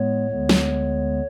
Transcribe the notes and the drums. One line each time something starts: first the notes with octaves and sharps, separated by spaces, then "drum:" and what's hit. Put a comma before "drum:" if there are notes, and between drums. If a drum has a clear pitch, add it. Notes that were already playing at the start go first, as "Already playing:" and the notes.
Already playing: A2 G#3 B3 C#5
D2 D3 G#3 B3
drum: snare